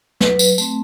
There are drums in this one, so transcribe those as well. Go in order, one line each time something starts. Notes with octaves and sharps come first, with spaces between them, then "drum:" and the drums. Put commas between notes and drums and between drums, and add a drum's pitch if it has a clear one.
F#3 B4, drum: snare
drum: tambourine
A3 C4, drum: tambourine